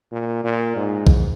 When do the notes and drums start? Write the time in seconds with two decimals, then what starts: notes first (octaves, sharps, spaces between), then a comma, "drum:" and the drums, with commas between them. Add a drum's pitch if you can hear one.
0.12 A#2
0.44 A#2
0.76 G#2
1.07 drum: kick